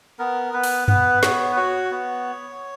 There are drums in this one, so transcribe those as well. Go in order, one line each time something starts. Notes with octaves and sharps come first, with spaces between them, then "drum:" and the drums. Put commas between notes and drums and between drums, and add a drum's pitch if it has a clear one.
B3 A#4
B3 B4
drum: open hi-hat
B3 B4, drum: tom F#2
B3 C#5, drum: snare
B4
F#4 C#5
B3